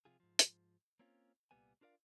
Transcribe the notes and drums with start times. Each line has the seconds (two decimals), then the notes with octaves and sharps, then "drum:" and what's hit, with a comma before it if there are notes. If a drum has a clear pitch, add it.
0.05 C3 F3 F4 G#4
0.20 G#2 F3
0.39 drum: hi-hat
1.00 A#3 C4 C#4 F4
1.51 C2 A#2 G3 B3 G#5
1.81 D4 F4 A#4 D5 F5